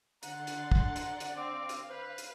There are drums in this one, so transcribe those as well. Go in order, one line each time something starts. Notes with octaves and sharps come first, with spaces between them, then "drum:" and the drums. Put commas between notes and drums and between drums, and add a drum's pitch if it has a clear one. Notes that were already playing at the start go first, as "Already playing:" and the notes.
D3 F#5 A#5 C6 A6, drum: hi-hat
drum: hi-hat
drum: kick
D5, drum: hi-hat
drum: hi-hat
C4 F5 D6
drum: hi-hat
B4 C5
drum: hi-hat